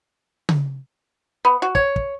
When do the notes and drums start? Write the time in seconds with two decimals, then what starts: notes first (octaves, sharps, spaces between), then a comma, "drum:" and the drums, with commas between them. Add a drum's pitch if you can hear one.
0.49 drum: tom C#3
1.45 B3
1.62 F#4
1.75 C#5, drum: kick
1.96 drum: kick